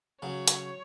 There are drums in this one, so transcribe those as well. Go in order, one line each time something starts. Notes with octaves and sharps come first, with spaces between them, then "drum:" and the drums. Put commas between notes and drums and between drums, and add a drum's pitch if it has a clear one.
C#3 F#3 C#5
drum: hi-hat